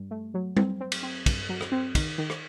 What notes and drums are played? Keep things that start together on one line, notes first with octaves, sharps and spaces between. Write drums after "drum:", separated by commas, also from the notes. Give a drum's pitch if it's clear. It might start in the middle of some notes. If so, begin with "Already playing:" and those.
Already playing: G2
A3
F#3
C4, drum: tom G3
C4
drum: cymbal
C4
G2, drum: kick, cymbal
F#3
drum: rim click
C4
D#3, drum: kick, cymbal
D#3
drum: rim click